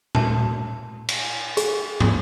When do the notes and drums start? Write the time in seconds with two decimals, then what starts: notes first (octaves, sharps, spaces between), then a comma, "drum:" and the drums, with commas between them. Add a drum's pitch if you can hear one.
0.15 A5, drum: tom A#2
1.08 drum: cymbal
1.57 G#4, drum: hi-hat
2.00 drum: tom